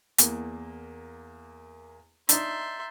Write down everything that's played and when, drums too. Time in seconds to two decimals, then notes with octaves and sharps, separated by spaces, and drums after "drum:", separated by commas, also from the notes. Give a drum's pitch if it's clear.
0.18 E2 A#3, drum: hi-hat
2.29 D4 D#4 E5 A#5 C6 G6 A6, drum: hi-hat